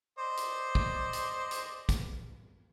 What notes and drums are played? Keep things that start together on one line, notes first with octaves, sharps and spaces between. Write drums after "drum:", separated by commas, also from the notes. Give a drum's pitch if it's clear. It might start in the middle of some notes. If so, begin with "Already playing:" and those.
C5 D5 D#5
drum: hi-hat
drum: kick
drum: hi-hat
drum: hi-hat
drum: kick, hi-hat